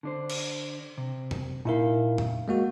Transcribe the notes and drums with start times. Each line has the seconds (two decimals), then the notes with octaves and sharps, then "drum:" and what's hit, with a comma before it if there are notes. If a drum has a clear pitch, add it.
0.03 D3 D4 C5
0.30 drum: cymbal
0.98 C3
1.31 drum: tom F2
1.65 A#2 D#4 E4 A#4 E5 F5
2.18 drum: tom F2
2.48 G#3 A#3 F#4